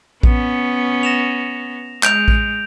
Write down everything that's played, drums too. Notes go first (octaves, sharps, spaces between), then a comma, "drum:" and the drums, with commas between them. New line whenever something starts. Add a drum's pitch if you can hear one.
B3 C#4, drum: kick A#1
A#6 E7 F7
G#3 G6 D7 F7, drum: clap
drum: kick A#1